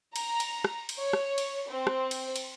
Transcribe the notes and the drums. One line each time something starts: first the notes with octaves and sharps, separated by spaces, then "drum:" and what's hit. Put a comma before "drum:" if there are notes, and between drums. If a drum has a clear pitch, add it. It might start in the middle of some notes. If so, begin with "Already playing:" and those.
A#5, drum: cymbal
drum: cymbal
drum: rim click
drum: cymbal
C#5
drum: rim click
drum: cymbal
C4
drum: rim click
drum: cymbal
drum: cymbal